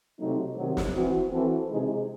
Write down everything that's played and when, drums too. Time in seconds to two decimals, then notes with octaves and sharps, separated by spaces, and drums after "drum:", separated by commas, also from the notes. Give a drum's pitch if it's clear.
0.20 C3 F#3 A3 C4 D#4
0.57 C3 D#3 F#3
0.77 drum: snare
0.95 E3 C4 F#4
1.32 E3 C4 F#4 A4
1.70 C3 E3 G#3 D#4 G#4